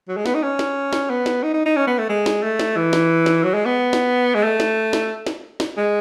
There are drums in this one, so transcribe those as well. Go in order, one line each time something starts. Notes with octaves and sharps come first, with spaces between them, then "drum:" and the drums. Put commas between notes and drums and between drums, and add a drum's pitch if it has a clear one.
F#3
G#3
B3, drum: snare
D#4
C#4
drum: snare
drum: snare
B3
drum: snare
D#4
D#4
D#4
C#4
B3
A3
G#3
drum: snare
A3
drum: snare
E3
drum: snare
drum: snare
F#3
G#3
B3
drum: snare
G#3
A3
drum: snare
drum: snare
drum: snare
drum: snare
G#3